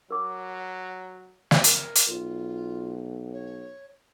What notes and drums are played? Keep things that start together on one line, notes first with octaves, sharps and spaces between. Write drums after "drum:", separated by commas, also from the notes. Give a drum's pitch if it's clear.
F#3 A#4 D6
drum: snare
A#4, drum: hi-hat
drum: hi-hat
B1 F4
C#5